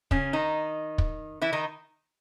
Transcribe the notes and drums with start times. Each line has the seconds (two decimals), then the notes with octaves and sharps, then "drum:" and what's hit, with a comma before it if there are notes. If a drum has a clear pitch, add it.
0.11 C#3 C#4, drum: kick
0.33 D#3 D#4
0.98 drum: kick
1.41 E3 E4
1.53 D#3 D#4